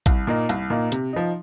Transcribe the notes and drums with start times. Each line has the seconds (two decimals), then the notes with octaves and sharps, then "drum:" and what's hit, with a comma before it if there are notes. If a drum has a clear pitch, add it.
0.06 C2, drum: kick A1, hi-hat
0.27 A#2 A#3 D#4
0.49 C2, drum: hi-hat
0.70 A#2 A#3 D#4
0.92 C3, drum: hi-hat
1.13 F3 D#4